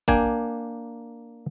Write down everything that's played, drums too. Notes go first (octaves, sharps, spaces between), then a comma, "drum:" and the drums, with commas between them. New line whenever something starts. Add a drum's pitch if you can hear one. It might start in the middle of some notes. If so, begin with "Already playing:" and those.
A#3 D4 G5 G#5, drum: kick